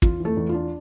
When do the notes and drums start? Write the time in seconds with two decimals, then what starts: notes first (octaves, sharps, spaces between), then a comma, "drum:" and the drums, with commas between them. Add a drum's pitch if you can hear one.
0.02 E2 F4, drum: kick
0.20 E3 A3 A4
0.37 E2
0.49 F4
0.54 D4